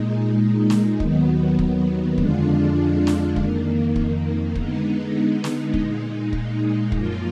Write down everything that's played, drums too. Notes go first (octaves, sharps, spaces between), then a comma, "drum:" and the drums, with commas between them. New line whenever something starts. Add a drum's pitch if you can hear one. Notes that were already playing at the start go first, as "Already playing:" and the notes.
Already playing: A#2 G#3 D#4
drum: snare
D#2 D#3 F#3 B3, drum: kick
drum: kick
F2 D3 G#3 D4 F4, drum: kick
drum: snare
F2 D#3 A#3, drum: kick
drum: kick
D3 G#3 B3 D#4, drum: kick
drum: snare
A#2 G#3 D#4, drum: kick
drum: kick
F#2 F3 A#3 F4, drum: kick